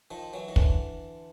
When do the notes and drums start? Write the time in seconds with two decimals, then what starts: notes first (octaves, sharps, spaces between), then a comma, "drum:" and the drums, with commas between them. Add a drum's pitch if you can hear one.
0.11 D#3 F3
0.33 E3 F#3
0.49 D#3
0.56 D3 E3, drum: kick